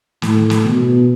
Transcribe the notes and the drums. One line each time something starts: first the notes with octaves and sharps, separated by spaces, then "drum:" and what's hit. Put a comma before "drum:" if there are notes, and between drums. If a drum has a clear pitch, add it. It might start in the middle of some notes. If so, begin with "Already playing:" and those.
A2, drum: snare
drum: snare
B2